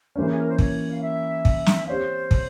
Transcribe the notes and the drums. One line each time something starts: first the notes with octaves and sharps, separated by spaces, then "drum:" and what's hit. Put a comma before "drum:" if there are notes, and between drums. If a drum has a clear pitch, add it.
E3 A#3 C#4 C5
G#4
A#4
C5
C#5, drum: kick
F5
E5
drum: kick
drum: snare
C4 G4 C5 C#5 F5
drum: kick